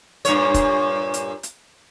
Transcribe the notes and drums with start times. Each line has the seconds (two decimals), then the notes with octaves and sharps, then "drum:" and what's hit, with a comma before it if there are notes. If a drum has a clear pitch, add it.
0.25 G2 A#2 C#5, drum: hi-hat
0.54 drum: kick E1, hi-hat
1.14 drum: hi-hat
1.43 drum: hi-hat